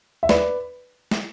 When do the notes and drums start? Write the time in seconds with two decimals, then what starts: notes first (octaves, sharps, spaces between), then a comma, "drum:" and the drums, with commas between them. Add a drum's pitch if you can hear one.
0.23 E5
0.29 B4 D5, drum: snare
1.11 drum: snare